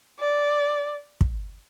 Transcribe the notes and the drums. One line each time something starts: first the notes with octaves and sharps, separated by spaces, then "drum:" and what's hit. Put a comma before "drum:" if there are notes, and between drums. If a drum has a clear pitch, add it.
D5
drum: kick